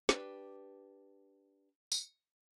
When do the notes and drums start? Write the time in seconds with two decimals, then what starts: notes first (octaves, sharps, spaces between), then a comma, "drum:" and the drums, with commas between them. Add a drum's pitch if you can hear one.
0.09 D4 G4 B4, drum: snare
1.92 drum: tambourine